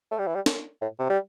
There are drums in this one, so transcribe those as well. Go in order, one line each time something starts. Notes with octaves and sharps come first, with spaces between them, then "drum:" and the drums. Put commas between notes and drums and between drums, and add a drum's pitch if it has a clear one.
A3
G3
E3
G3
drum: snare
A2
C3
G3